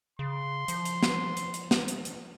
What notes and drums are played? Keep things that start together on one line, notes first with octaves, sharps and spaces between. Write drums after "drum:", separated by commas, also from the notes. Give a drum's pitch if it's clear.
C#3 C6
F3, drum: hi-hat
drum: hi-hat
drum: snare
drum: hi-hat
drum: hi-hat
drum: snare
drum: hi-hat
drum: hi-hat